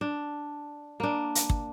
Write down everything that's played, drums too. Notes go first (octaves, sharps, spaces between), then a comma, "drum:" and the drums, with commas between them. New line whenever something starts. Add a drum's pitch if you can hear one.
D4
A#3 D4
drum: hi-hat
drum: kick